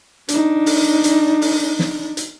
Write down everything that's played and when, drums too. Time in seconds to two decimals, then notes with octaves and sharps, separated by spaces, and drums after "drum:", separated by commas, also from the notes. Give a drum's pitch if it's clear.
0.29 D4 D#4, drum: hi-hat
0.66 drum: open hi-hat
1.04 drum: hi-hat
1.42 drum: open hi-hat
1.79 drum: snare
2.17 drum: hi-hat